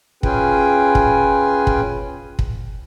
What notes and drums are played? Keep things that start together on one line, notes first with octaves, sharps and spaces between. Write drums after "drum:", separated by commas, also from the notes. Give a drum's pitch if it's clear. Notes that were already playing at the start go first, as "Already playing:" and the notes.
C#4 F4 G#4 B4 G5 G#5, drum: kick
drum: kick
drum: kick
drum: kick